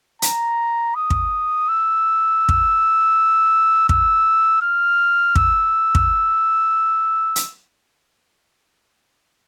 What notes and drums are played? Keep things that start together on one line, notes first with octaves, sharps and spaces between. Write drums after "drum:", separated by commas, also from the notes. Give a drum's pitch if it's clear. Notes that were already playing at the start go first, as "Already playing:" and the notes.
A#5, drum: hi-hat
D#6
drum: kick
E6
drum: kick
E6, drum: kick
F6
E6, drum: kick
drum: kick
drum: hi-hat